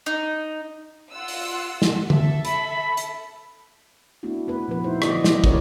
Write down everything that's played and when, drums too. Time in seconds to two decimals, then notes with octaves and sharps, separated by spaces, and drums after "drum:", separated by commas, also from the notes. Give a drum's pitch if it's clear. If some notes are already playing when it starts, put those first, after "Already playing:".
0.06 D#4
1.13 F4 F#5 E6
1.28 drum: open hi-hat
1.82 drum: snare
2.10 A4 E5, drum: tom
2.45 B5, drum: hi-hat
2.97 drum: hi-hat
4.23 A3 B3 D4 E4 F#4
4.48 B3 B4
4.68 A#2 F3 A#3 B4
4.84 D#4 E4 C5
5.02 D3 B3 D5 D#5, drum: rim click
5.24 drum: snare
5.44 C#4 G4 A#4 B4 C#5 D5, drum: kick